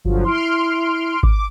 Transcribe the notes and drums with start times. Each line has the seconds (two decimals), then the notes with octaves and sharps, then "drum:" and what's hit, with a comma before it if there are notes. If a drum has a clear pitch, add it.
0.05 G1 F3 F#3
0.24 E4 C6 F6 D7
1.23 D6, drum: kick G#1